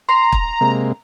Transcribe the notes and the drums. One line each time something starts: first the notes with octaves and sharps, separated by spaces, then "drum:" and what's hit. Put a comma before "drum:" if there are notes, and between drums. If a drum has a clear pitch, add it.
A#5 C6
drum: kick
C3 G#3 A#3